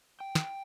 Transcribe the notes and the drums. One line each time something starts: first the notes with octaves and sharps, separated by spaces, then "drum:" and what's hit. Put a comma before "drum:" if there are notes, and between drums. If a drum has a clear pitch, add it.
G5
drum: snare